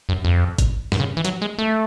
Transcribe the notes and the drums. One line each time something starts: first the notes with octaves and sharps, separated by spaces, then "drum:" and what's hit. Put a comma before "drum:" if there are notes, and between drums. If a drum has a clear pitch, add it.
F#2
F2
drum: kick G#1, hi-hat
G2, drum: snare
C#3
E3
F#3, drum: hi-hat
G#3
A3